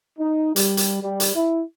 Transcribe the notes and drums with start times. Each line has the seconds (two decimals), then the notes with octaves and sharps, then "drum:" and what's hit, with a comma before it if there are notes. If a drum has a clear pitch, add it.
0.19 D#4
0.56 G3, drum: hi-hat
0.77 drum: hi-hat
1.02 G3
1.20 drum: hi-hat
1.35 E4